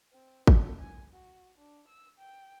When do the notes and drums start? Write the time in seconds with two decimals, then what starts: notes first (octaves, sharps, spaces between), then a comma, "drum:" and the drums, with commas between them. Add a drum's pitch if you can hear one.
0.12 C4
0.47 A4, drum: kick G#1
0.80 G#5
1.12 F#4
1.57 D4
1.88 E6
2.18 G5